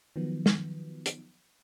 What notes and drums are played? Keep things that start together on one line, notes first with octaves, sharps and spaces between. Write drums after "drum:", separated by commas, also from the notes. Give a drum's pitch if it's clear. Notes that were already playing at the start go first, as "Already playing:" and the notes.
D#3 F3 F#3 B3
drum: snare
drum: hi-hat